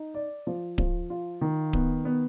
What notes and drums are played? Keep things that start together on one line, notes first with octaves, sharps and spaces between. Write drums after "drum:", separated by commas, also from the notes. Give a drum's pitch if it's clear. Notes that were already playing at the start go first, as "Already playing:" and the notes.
Already playing: D#4
D5
F3
F3, drum: kick D1
F4
D#3
B3, drum: kick D1
B3